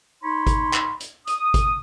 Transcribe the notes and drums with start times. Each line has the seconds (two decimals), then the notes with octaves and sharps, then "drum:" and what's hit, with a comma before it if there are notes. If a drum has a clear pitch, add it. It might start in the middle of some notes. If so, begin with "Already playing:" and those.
0.23 D#4 C#5 B5 C6
0.47 drum: kick G#1, hi-hat
0.73 drum: clap
1.00 drum: hi-hat
1.27 D#6, drum: hi-hat
1.54 drum: kick G#1, hi-hat